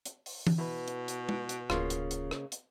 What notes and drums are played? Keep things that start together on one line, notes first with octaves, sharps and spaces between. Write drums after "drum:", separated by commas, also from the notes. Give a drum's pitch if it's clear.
drum: hi-hat
drum: open hi-hat
drum: tom E3
B2 E4 B4
drum: hi-hat
drum: hi-hat
drum: tom G#3
drum: hi-hat
D1 C#3 A#3 F4, drum: rim click
drum: hi-hat
drum: hi-hat
drum: rim click
drum: hi-hat